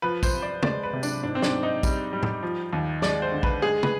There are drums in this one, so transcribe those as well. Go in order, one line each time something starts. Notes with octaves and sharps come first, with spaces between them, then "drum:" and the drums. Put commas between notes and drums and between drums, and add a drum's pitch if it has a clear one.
F3 B4
C5, drum: kick, tambourine
C2
D5
G#3 D5, drum: tom
B4
C3
D4, drum: tambourine
G#2 D4
C4
D4, drum: snare
G#2
D#4
G3, drum: kick, tambourine
G3
drum: tom A2
F3
D#2
G#3 D5, drum: snare
C5
D3
B4, drum: kick
G#3 G#4
B4, drum: tom